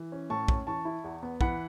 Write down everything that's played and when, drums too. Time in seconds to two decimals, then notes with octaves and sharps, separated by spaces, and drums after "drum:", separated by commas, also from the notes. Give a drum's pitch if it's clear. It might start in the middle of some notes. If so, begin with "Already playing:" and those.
Already playing: E3
0.12 C#4
0.30 A2 A5 C#6
0.48 C#4, drum: kick
0.67 E3 A5 C#6
0.85 E4
1.04 E2
1.23 B3
1.41 E3 F#5 B5, drum: kick